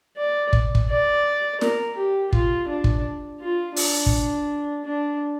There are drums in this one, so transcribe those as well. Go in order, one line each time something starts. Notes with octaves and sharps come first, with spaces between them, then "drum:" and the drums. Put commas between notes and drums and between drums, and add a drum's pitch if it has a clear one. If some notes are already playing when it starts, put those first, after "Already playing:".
D5
drum: kick
drum: kick
D5
A#4, drum: snare
G4
F4, drum: kick
D4
drum: kick
F4
D4, drum: open hi-hat
drum: kick
D4